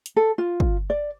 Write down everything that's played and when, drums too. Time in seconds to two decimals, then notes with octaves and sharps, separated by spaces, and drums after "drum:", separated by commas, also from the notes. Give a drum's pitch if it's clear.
0.06 drum: hi-hat
0.16 A4
0.38 F4
0.60 drum: kick
0.90 D5